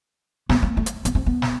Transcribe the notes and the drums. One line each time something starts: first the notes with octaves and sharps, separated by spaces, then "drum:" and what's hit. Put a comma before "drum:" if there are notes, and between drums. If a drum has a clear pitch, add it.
B3, drum: snare
A#3
A3
drum: hi-hat
B3, drum: hi-hat
C4
B3
drum: snare